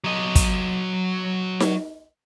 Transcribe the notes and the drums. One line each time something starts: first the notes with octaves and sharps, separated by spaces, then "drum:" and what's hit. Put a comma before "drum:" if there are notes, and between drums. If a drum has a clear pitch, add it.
F#3 D#5
drum: kick, hi-hat
drum: snare D#4